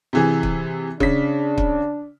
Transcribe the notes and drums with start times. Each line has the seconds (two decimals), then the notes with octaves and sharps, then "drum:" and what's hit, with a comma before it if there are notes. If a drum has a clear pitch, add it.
0.13 C3 E3 G#4
0.43 drum: kick
1.00 C#3 D4 B6, drum: kick
1.58 drum: kick